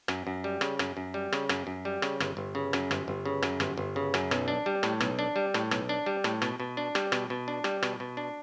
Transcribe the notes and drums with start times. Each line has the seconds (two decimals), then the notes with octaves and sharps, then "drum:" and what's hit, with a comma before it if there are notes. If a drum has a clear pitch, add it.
0.08 F#2, drum: rim click
0.27 F#2
0.44 G3
0.61 C#3, drum: rim click
0.79 F#2, drum: rim click
0.97 F#2
1.14 G3
1.33 C#3, drum: rim click
1.49 F#2, drum: rim click
1.67 F#2
1.85 G3
2.02 C#3, drum: rim click
2.20 G1, drum: rim click
2.37 G1
2.55 C#3
2.73 F#2, drum: rim click
2.91 G1, drum: rim click
3.08 G1
3.25 C#3
3.42 F#2, drum: rim click
3.60 G1, drum: rim click
3.78 G1
3.96 C#3
4.14 F#2, drum: rim click
4.31 B1, drum: rim click
4.48 D4
4.66 G3
4.83 A2, drum: rim click
5.00 B1, drum: rim click
5.19 D4
5.36 G3
5.54 A2, drum: rim click
5.71 B1, drum: rim click
5.89 D4
6.06 G3
6.24 A2, drum: rim click
6.42 B2, drum: rim click
6.60 B2
6.77 D4
6.95 G3, drum: rim click
7.12 B2, drum: rim click
7.30 B2
7.48 D4
7.64 G3, drum: rim click
7.83 B2, drum: rim click
8.00 B2
8.17 D4